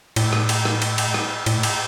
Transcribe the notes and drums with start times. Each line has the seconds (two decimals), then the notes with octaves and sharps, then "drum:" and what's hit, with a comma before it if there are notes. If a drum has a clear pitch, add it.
0.16 A2, drum: cymbal
0.33 drum: rim click
0.49 drum: cymbal
0.65 drum: rim click
0.82 drum: cymbal
0.98 drum: cymbal
1.14 drum: rim click
1.46 A2, drum: cymbal
1.63 drum: cymbal